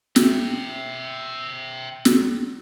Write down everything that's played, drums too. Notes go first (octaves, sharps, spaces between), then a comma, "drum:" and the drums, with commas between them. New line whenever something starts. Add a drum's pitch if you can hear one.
E5 G5, drum: snare
drum: snare